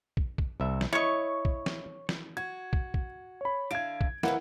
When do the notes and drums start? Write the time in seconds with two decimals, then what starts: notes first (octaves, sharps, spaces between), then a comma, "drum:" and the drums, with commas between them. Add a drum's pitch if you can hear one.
0.17 drum: kick
0.38 drum: kick
0.60 C2 E5
0.81 drum: snare
0.93 E4 C#5 D#5 C#6
1.45 drum: kick
1.66 drum: snare
2.09 drum: snare
2.37 F#4 G#6
2.73 drum: kick
2.94 drum: kick
3.41 C#5 B5
3.71 D3 E4 F5 G#6 D7
4.01 drum: kick
4.23 D#2 E3 E4 A#4 B4 F#5, drum: snare